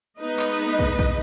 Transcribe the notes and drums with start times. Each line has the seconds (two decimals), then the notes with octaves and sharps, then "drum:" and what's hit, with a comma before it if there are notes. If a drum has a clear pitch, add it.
0.19 G#3 B3 D#4 B4 D#5
0.39 drum: clap
0.79 drum: kick
0.99 drum: kick